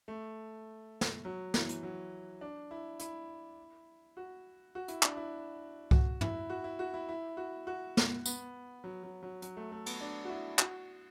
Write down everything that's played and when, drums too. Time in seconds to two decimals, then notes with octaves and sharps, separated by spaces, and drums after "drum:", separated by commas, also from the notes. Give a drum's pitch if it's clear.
0.08 A3
1.01 drum: snare
1.25 F#3
1.54 E3, drum: snare
1.69 drum: hi-hat
1.83 F#3
2.41 D4
2.71 E4
3.00 E4, drum: hi-hat
4.17 F#4
4.75 F#4
4.88 E4, drum: hi-hat
5.03 D4, drum: clap
5.17 E4
5.91 F#4, drum: kick C2
6.21 E4, drum: tom
6.50 F#4
6.64 E4
6.79 F#4
6.94 E4
7.09 E4
7.37 F#4
7.67 F#4
7.97 drum: snare
8.26 B3, drum: tambourine
8.84 F#3
9.03 F#3
9.23 F#3
9.42 F#3, drum: hi-hat
9.57 A3
9.72 A3
9.86 B3, drum: cymbal
10.01 D4
10.25 F#4
10.29 E4
10.59 F#4, drum: clap